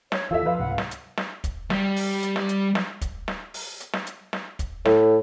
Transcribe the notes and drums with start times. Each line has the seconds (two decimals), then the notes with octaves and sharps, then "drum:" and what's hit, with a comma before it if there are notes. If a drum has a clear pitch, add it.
0.12 C#5, drum: snare
0.31 D#2 E3 F4 A4 E5 E6
0.46 F3 B4 F5
0.59 C#2 G#2 C3 F#5
0.78 drum: snare
0.91 drum: hi-hat
1.17 drum: snare
1.44 drum: kick, hi-hat
1.70 G3 G4, drum: snare
1.96 drum: open hi-hat
2.23 drum: hi-hat
2.36 drum: snare
2.49 drum: hi-hat
2.75 drum: snare
3.01 drum: kick, hi-hat
3.28 drum: snare
3.54 drum: open hi-hat
3.80 drum: hi-hat
3.93 drum: snare
4.07 drum: hi-hat
4.33 drum: snare
4.59 drum: kick, hi-hat
4.85 A2, drum: snare